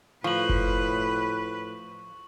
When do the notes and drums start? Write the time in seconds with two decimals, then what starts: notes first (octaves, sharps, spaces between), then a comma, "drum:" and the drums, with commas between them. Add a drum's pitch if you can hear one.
0.24 A2 F3 B4 C#6 F#7
0.49 drum: kick F#1